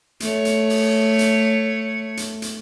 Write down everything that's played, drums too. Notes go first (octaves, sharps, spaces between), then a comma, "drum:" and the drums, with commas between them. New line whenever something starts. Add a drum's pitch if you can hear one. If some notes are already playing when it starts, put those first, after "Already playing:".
A3 C#5, drum: hi-hat
drum: hi-hat
drum: open hi-hat
drum: hi-hat
drum: hi-hat
drum: hi-hat